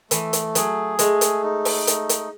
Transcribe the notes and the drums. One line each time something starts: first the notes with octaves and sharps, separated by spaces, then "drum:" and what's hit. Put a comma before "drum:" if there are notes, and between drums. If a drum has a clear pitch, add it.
E3 A3, drum: hi-hat
drum: hi-hat
F#3 G#4, drum: hi-hat
G#3 A3, drum: hi-hat
drum: hi-hat
D#4
drum: open hi-hat
A3, drum: hi-hat
drum: hi-hat